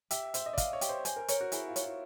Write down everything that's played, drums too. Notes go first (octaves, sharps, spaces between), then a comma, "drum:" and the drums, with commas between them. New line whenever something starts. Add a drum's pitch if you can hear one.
G4 E5, drum: hi-hat
C5 E5, drum: hi-hat
D#5
D5
D#5 F5, drum: kick, hi-hat
C#5
G4, drum: hi-hat
C5
C5 G#5, drum: hi-hat
A#4
A#4 C#5, drum: hi-hat
F#4
E4 G#4, drum: hi-hat
F4
C#5, drum: hi-hat
E4